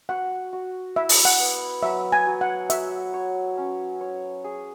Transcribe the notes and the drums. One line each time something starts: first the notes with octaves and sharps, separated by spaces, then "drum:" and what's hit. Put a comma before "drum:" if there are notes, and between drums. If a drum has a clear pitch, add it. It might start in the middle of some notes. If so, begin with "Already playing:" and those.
F#4 F#5
F#4
E4 E5
drum: open hi-hat
F#5
B3
F#3 E5
G#5
F#3
F#5
F#4 E5, drum: hi-hat
C#5
C#4
C#5
G#4